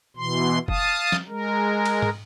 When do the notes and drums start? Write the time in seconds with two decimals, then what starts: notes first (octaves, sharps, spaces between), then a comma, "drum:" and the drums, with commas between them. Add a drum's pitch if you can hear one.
0.16 B2 E3 C6
0.68 F5 A5 D#6, drum: kick
1.12 drum: snare
1.28 G#3 A#4
1.86 drum: cymbal
2.02 drum: tom